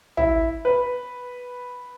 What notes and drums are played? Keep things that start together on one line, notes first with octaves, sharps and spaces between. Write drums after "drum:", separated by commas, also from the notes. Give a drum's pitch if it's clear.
E4, drum: tom
B4